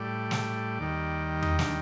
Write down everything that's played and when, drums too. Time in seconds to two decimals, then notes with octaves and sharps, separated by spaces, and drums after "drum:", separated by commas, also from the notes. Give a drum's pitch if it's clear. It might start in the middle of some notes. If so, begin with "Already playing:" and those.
Already playing: A2 G3 D5
0.31 drum: snare
0.80 D#2 D#3 G3
1.42 D#4, drum: tom E2
1.59 D4, drum: snare